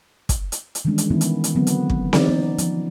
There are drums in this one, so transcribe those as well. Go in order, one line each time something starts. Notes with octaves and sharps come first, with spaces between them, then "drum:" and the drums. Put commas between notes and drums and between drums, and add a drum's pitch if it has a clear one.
drum: kick, hi-hat
drum: hi-hat
drum: hi-hat
D#3 E3 G3 G#3 C#4 D4
drum: hi-hat
D#3 E3 B3 C#4 E4
drum: hi-hat
drum: hi-hat
D3 F#3 B3 C4
drum: hi-hat
drum: kick
E3 D#4 D5, drum: snare C4
B3 C#4 D#4
F3, drum: hi-hat